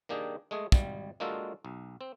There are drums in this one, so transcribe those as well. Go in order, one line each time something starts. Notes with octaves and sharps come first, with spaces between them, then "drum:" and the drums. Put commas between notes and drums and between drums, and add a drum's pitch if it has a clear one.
D#3 A#3 D4 G4 G#4
G#3 A3 G#4
G#1 G3, drum: kick
G#3 A#3 D4 F4 F#4 A4
B1
C4